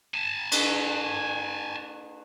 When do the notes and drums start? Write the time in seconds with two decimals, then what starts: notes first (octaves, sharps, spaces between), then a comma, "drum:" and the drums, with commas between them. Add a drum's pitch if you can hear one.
0.14 G#5 A5
0.52 drum: cymbal